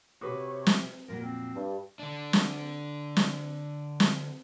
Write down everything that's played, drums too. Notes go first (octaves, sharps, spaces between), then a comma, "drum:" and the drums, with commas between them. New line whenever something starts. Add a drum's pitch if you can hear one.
C3 F#4 G4 B4 C#5 D6 D#6
drum: snare
F2 A#2 F#3 A#4
C4
G2
D3 D4
drum: snare
drum: snare
drum: snare